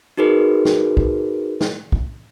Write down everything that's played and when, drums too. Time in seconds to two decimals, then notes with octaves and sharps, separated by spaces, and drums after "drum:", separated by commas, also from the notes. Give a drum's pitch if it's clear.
0.17 D#4 F#4 G#4 A#4 B4
0.65 drum: snare
0.97 drum: kick
1.61 drum: snare
1.92 drum: kick